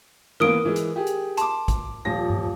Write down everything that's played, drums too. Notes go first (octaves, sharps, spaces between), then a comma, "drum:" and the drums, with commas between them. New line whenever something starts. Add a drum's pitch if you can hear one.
E3 A#3 B3 A#4 D#6 D7
E3 G#3
drum: hi-hat
G4 G#4
drum: hi-hat
A5 C6 D6, drum: hi-hat
drum: kick, hi-hat
D#1 F3 A#6
drum: tom G2